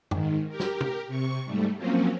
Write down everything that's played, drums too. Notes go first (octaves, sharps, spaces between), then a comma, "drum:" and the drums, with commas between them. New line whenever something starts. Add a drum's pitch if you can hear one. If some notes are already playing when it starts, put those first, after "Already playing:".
G#2 D#3, drum: tom
G4 A#4
drum: snare
drum: tom
C3 C#6
G#2 G3 A3
F3 F#3 A#3 C4 C#4